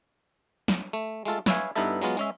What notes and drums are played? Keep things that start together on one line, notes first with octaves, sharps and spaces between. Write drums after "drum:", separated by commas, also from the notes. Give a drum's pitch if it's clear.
drum: snare
A3
G#3 A3 F4 A4
B4 C#5 E5 F5 G#5, drum: snare
G2 B3 D#4 E4 A4 E5
F#3 G#3 B3 F4
G#3 C#4 E5